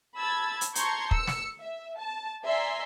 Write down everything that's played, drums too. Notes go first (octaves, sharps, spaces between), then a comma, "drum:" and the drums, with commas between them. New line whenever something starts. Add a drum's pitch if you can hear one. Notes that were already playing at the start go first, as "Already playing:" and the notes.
A5 B5 E6 G#6 A6
drum: hi-hat
A5 A#5 C6 C#6 G6 G#6, drum: hi-hat
E6 C#7, drum: kick
drum: snare
E5
A5
D5 E5 G#5 A#5 C6